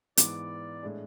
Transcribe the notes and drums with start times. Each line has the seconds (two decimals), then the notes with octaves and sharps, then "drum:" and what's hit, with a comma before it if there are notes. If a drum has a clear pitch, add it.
0.17 G#2 E3 B3 D5, drum: hi-hat
0.83 A2 G#3 D4